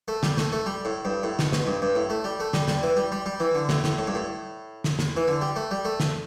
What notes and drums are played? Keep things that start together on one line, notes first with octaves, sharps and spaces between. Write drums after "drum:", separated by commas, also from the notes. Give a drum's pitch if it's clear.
A3
G3, drum: snare
A3, drum: snare
A3
G3
A2
G2
A2
B2, drum: snare
B2, drum: snare
G2
G2
A2
A3
G3
A3
G3, drum: snare
G3, drum: snare
E3
G3
G3
G3
E3
D3
A2, drum: snare
A2, drum: snare
A2
G2
A2
drum: snare
drum: snare
E3
D3
G3
A3
G3
A3
drum: snare